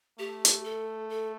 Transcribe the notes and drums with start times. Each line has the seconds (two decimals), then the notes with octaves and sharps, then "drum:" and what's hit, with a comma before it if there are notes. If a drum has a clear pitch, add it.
0.19 A3 G4
0.45 drum: hi-hat
0.65 A4
1.10 A4